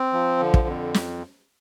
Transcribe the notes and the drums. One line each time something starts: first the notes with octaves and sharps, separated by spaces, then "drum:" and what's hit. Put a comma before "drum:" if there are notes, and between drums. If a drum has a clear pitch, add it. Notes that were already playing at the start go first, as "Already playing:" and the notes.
Already playing: C4
F3
D3
drum: kick
F2
drum: snare